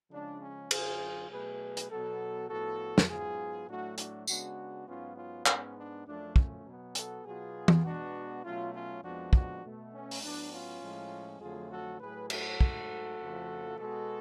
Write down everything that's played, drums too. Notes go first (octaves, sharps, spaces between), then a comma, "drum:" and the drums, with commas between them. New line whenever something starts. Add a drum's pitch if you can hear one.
C#3 F3 G#3 D4
C#4
F#2 D3 F#3 F4 G#4, drum: cymbal
B2 F#3 A3 G#4 B4
drum: hi-hat
B2 F#3 B3 F#4 A4
A2 F3 B3 F#4 A4
drum: snare
G#2 F#3 B3 F4 G#4
A2 F#3 A3 D4 F#4
D4 F#4, drum: hi-hat
C#3 G#3 B3 D4 F#4, drum: tambourine
G#2 F#3 B3 C#4 F4
C#4 F4
G#2 G#3 B3 C#4, drum: clap
D4
F#2 F3 A3 D4
C#4, drum: kick
B2 F#3 B3
F#4 A4, drum: hi-hat
B2 F#3 B3 F4 G#4
drum: tom E3
B2 G#3 B3 D4 F#4
B2 F#3 A3 C#4 F4
C#4 F4
F2 F3 G#3 B3 D4 F#4
D4 F#4, drum: kick
B2 A3
C#4
drum: open hi-hat
A2 F#3 B3 D4
C#4 F4
A2 F3 G#3
F2 D3 F#3 A3 F4 G#4
F#4 A4
A2 F#3 A3 G#4 B4
F#4 A4, drum: cymbal
G#2 F#3 A3, drum: kick
F2 C#3 F3 A3
B2 G#3 B3 F#4 A4